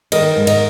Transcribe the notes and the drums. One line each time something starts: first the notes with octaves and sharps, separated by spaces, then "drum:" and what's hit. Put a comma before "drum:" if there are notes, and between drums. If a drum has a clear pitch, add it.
D#3 A#4 D#5, drum: cymbal
G#2
A#4 D#5, drum: cymbal